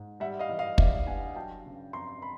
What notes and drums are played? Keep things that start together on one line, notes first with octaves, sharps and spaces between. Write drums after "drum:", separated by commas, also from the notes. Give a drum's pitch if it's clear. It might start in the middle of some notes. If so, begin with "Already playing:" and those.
Already playing: G#2
G3 E5 F#5
D#5 F5
E3
D#5 F5
G2 D5 E5, drum: kick
G2 F#5 G#5
F#3 G5 A5
C#3
F2 A#5 C6
B5